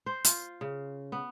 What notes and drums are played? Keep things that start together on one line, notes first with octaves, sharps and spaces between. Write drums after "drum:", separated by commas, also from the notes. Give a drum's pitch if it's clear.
C5
F4, drum: hi-hat
C#3
B3